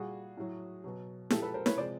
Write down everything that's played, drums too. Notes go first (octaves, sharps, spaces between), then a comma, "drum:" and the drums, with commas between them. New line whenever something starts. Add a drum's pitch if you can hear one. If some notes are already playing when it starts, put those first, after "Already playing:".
Already playing: A#2 G3 F#4 G#4
A2 F#3
B2 F#3
A#2 F3 G#3 G4 A4, drum: snare E4
A4 B4
A#4 C5
B4 C#5, drum: snare E4
C3 F3 G#3 C5 D5